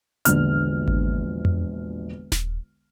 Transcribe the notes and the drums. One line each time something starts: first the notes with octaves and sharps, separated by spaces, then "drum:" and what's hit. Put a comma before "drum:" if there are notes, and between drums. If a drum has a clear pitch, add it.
E1 A#1 D3 F6, drum: hi-hat
drum: kick G#1
drum: tom F2
drum: snare D#1